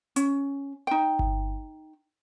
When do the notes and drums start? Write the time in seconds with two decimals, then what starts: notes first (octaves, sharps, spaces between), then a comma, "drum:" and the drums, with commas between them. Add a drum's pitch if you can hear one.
0.16 C#4, drum: hi-hat
0.87 D#4 G5
1.19 drum: kick G1